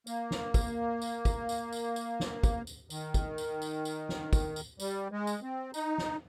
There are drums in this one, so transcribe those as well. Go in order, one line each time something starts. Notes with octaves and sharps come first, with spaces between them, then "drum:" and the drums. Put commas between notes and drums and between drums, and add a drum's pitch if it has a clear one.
A#3, drum: tambourine
drum: snare
drum: kick, tambourine
drum: tambourine
drum: kick, tambourine
drum: tambourine
drum: tambourine
drum: tambourine
drum: snare
drum: kick, tambourine
drum: tambourine
D#3, drum: tambourine
drum: kick, tambourine
drum: tambourine
drum: tambourine
drum: tambourine
drum: snare
drum: kick, tambourine
drum: tambourine
G3, drum: tambourine
G#3
drum: tambourine
C4
D#4, drum: tambourine
drum: snare